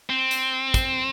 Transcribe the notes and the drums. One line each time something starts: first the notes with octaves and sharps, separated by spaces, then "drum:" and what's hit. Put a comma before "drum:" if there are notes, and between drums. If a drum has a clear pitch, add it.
C4
drum: hi-hat
drum: kick, hi-hat